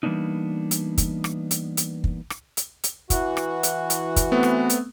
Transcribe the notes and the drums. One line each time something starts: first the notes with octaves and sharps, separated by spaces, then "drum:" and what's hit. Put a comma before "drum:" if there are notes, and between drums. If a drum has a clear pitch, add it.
E3 G3 A#3 B3 D4 D#4
drum: hi-hat
drum: kick, hi-hat
drum: rim click
drum: hi-hat
drum: hi-hat
drum: kick
drum: rim click
drum: hi-hat
drum: hi-hat
E3 F#4, drum: kick, hi-hat
drum: rim click
drum: hi-hat
drum: hi-hat
drum: kick, hi-hat
A3 B3 C4
drum: rim click
drum: hi-hat